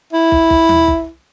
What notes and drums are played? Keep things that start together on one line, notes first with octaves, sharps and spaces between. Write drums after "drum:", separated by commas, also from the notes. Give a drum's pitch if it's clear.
E4
drum: kick
drum: kick
drum: tom D#2
drum: kick